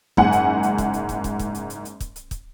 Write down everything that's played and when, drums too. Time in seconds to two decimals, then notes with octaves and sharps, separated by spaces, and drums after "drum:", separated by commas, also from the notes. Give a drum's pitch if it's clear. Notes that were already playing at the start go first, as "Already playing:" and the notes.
0.17 F#1 G#2 F#5 G#5, drum: kick
0.33 drum: hi-hat
0.63 drum: hi-hat
0.78 drum: kick, hi-hat
0.94 drum: hi-hat
1.09 drum: kick, hi-hat
1.24 drum: kick, hi-hat
1.39 drum: kick, hi-hat
1.55 drum: hi-hat
1.70 drum: hi-hat
1.85 drum: hi-hat
2.00 drum: kick, hi-hat
2.16 drum: hi-hat
2.31 drum: kick, hi-hat